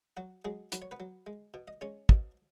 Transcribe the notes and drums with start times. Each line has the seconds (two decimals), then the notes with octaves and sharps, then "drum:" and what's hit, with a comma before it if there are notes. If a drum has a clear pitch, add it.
0.17 F#3 F#4
0.45 F#3 G#3 G#4
0.72 F#3 B4, drum: hi-hat
0.82 C#5
0.91 B3 B4
1.00 F#3
1.27 G#3
1.54 B2
1.68 D#5
1.81 G#3 C#4 C#5
2.09 B2, drum: kick